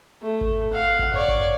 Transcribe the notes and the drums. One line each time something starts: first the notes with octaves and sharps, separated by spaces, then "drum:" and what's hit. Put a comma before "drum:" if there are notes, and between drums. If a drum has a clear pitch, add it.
A3
drum: kick G#1
F5 F#5
drum: kick G#1
C#5 D5, drum: tom F#2
drum: kick G#1